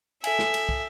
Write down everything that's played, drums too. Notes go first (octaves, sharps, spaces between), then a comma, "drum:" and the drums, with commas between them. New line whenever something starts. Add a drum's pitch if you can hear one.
A4 E5 G#5, drum: cymbal
drum: snare
drum: cymbal
drum: kick